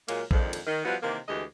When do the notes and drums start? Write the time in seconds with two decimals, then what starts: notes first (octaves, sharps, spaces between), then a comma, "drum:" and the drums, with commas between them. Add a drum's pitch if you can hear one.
0.08 A#2 F#3 G#3 A#3, drum: cymbal
0.31 F2 G#2 D3 D#3 F3, drum: kick A#1
0.53 drum: cymbal
0.67 D#3
0.85 F3 G3 B3 E4 F#4
1.03 C3 D#3 E3 A#3
1.28 D2 E3 G#3 G4 D#5